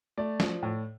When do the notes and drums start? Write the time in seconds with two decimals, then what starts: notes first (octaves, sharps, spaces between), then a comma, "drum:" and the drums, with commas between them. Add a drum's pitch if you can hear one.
0.17 A3 D5
0.40 F3, drum: snare
0.63 A2